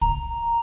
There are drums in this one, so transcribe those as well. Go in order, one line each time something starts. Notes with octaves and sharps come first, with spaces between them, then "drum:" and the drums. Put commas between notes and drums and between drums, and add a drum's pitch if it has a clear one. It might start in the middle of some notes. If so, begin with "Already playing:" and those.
A#5, drum: kick C2